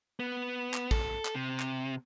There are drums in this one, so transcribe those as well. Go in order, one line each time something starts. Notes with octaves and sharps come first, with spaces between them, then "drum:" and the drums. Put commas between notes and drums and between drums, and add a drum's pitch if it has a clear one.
B3
drum: clap
A4, drum: kick
drum: clap
C3
drum: clap